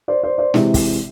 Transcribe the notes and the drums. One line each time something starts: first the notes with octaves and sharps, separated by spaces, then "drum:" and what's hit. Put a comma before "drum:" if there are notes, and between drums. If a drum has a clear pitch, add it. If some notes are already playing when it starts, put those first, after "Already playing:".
C5 D5
C5 D5
C5 D5
C3 E3 G#3, drum: snare
drum: kick, open hi-hat